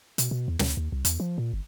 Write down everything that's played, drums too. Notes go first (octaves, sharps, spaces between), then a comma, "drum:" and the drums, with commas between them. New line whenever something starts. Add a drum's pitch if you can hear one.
B2, drum: hi-hat
B2
E2
D2, drum: snare
D#2
C2
E2, drum: hi-hat
F3
A#2
G1